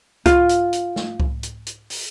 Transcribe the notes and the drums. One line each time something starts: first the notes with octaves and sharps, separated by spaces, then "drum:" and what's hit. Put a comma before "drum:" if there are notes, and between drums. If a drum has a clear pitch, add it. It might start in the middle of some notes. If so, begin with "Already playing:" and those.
F4, drum: kick C2, hi-hat
drum: hi-hat
drum: hi-hat
drum: snare
drum: kick C2
drum: hi-hat
drum: hi-hat
drum: open hi-hat